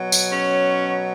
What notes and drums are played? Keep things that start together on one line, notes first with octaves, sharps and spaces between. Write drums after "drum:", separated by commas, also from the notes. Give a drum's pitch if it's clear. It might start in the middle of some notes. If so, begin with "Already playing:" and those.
Already playing: B2 F#3
drum: tambourine
C#4